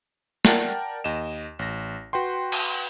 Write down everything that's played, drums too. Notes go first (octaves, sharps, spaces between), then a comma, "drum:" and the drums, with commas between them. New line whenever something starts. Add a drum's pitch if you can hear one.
A#4 D5 F#5 G5 A5, drum: snare
D#2 D#5 E7
A1 A#6
F#4 B4 G5 C6
drum: cymbal